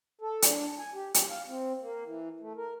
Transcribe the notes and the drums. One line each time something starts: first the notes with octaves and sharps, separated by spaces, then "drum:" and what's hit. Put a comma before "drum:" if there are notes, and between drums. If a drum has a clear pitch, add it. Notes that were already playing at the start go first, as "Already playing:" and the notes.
A4
D4, drum: hi-hat
G#5
G4
G4, drum: hi-hat
F5
C4
A#3
E3
A3
A#4